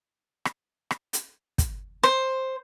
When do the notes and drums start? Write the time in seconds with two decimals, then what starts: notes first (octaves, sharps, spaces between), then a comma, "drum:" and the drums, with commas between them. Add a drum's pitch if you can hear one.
0.45 drum: rim click
0.91 drum: rim click
1.13 drum: hi-hat
1.58 drum: kick, hi-hat
2.03 C5, drum: rim click